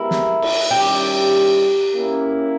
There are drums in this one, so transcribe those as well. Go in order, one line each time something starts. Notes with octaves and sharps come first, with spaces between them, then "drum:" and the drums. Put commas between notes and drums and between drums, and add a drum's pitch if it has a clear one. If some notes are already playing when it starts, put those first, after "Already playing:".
Already playing: G#3 B3 E4 G4 A#4
drum: snare
drum: cymbal
D#3 G3 C#4 E4 G4
A#3 C#4 E4